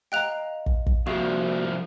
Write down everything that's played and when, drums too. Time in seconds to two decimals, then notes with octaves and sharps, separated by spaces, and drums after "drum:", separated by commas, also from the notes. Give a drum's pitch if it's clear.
0.12 D#5 F5 G5 A#5 F#6 F7
0.66 drum: kick
0.86 drum: kick
1.07 C2 F3 A#3 E4 F#4 G#4 F5